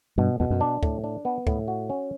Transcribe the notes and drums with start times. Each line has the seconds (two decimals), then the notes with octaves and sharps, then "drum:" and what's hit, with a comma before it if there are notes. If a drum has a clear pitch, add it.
0.18 G2 B2
0.40 E2 B2
0.50 F#2
0.61 D4
0.83 A2, drum: kick
1.04 D4
1.25 B3
1.47 A2, drum: kick
1.68 F#4
1.90 C#4